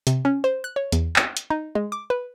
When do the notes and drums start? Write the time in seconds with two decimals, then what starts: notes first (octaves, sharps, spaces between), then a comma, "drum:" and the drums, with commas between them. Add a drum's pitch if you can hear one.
0.07 C3, drum: hi-hat
0.25 C#4
0.44 C5
0.64 F#6
0.76 C#5
0.92 E2, drum: hi-hat
1.16 G5, drum: clap
1.37 drum: hi-hat
1.50 D#4
1.75 G#3
1.92 D6
2.10 B4